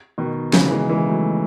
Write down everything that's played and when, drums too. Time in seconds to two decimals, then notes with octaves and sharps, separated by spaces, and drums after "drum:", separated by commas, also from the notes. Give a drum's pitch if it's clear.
0.18 B2 D#3
0.53 C#3 E3, drum: snare
0.71 E3 G#3
0.89 E3 G#3
1.07 F#3 A3